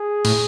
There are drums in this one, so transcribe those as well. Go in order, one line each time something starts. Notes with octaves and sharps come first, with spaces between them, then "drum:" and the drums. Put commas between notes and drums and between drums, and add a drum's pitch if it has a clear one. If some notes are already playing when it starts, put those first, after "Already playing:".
Already playing: G#4
A2, drum: cymbal